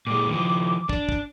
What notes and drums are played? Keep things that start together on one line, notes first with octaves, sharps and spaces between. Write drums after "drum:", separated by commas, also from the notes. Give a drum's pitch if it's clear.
A#2 G#3 D6
D#3 F3
D4, drum: kick
drum: kick